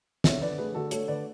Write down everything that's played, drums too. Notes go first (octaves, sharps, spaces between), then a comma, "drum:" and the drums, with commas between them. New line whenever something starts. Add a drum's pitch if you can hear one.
D3 C#5 E5, drum: snare
D3 B4 D5
A3 G#4 B4
D3 F#4 A4
A3 A4 C#5, drum: hi-hat
D3 B4 D5